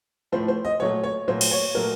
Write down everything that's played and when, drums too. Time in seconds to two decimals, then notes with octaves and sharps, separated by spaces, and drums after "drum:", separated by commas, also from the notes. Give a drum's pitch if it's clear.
0.32 A2 F3 A3 C5
0.48 C5
0.65 D#5
0.80 A#2 F#3 A3 C#5
1.04 C#5
1.28 A#2 F#3 A3 C5
1.41 drum: cymbal
1.51 C#5
1.74 A#2 F#3 A3 A#4